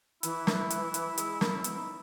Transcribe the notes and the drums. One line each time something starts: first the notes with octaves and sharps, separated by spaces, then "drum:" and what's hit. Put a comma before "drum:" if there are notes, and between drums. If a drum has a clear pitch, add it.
E3 E4, drum: hi-hat
drum: snare
drum: hi-hat
drum: hi-hat
G#3, drum: hi-hat
A#3, drum: snare
C#4
B3, drum: hi-hat
D#4